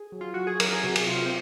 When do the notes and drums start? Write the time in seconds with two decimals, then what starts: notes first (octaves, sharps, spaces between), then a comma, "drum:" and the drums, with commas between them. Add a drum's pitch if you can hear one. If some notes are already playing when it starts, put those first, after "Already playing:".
Already playing: G#4
0.12 F#3
0.21 F4
0.34 F#3 F#4
0.47 G#4
0.60 F#3 A#4, drum: cymbal
0.73 G#4
0.83 C3 F#4
0.96 drum: cymbal
1.07 F#3 F4
1.26 C4